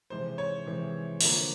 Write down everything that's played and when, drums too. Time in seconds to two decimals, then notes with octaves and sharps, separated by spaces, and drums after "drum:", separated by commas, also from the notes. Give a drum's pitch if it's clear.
0.10 C3 E3 G#3 C5
0.38 C#5
0.66 C3 E3 G#3
1.21 D3 F3 A#3, drum: open hi-hat